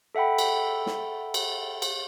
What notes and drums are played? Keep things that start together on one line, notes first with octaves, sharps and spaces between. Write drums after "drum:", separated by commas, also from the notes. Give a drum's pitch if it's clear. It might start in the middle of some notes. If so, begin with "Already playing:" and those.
A4 E5 F#5 G5 B5
drum: cymbal
drum: snare
drum: cymbal
drum: cymbal